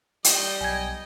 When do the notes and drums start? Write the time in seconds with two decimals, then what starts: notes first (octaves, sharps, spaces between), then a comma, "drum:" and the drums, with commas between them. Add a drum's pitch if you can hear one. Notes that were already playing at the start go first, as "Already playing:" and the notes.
0.24 G3 D#5 G5, drum: hi-hat
0.61 B1 G#5 G#6